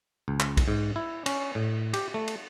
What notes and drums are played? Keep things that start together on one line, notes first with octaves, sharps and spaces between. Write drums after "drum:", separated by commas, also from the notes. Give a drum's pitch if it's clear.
C#2
drum: clap
drum: kick B1, cymbal
G#2
E4
C#4, drum: cymbal
A2
G4, drum: cymbal
A3
drum: cymbal